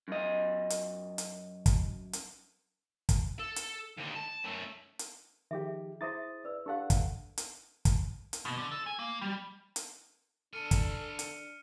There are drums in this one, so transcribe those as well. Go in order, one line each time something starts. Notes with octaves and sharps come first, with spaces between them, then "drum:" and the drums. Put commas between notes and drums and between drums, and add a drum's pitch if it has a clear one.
F#2 D#5
drum: hi-hat
drum: hi-hat
drum: kick, hi-hat
drum: hi-hat
drum: kick, hi-hat
A4
drum: hi-hat
D#2 D3
A5
F#2 A3
drum: hi-hat
D#3 F3 G4 G#4 E5
E4 G#4 C5 E5 D#6 A6
B4 D5 E6
D4 G4 A4 F5 F#5
drum: kick, hi-hat
drum: hi-hat
drum: kick, hi-hat
drum: hi-hat
B2
D3
A4
G#5
A#3
G3
drum: hi-hat
D3 D4 A4 G#5 F6 C#7 D#7
drum: kick, hi-hat
drum: hi-hat